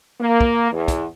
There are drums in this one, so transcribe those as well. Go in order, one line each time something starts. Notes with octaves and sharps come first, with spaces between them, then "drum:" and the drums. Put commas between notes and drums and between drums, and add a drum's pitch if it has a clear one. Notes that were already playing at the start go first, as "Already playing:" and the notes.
A#3
drum: kick
E2
drum: kick, hi-hat